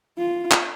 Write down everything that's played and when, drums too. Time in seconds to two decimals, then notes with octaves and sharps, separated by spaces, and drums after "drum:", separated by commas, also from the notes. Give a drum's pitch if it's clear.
0.18 F4
0.52 drum: clap